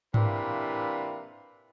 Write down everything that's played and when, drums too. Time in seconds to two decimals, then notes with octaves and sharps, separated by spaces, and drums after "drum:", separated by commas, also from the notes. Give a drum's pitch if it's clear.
0.14 C3 E3 A#3 D4 F4 B4, drum: tom G#2